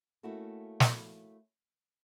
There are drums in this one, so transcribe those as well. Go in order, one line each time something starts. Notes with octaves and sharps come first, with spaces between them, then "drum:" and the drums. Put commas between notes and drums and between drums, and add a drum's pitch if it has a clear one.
A3 A#3 C#4 E4 F#4 A4
drum: snare